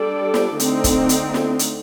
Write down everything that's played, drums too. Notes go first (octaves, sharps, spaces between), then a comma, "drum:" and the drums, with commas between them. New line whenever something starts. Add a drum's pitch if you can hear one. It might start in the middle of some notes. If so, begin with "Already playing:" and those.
Already playing: G3 D4 A4 D5
drum: snare
D3 A3 C4 D#4, drum: hi-hat
drum: kick, hi-hat
drum: hi-hat
drum: snare
drum: hi-hat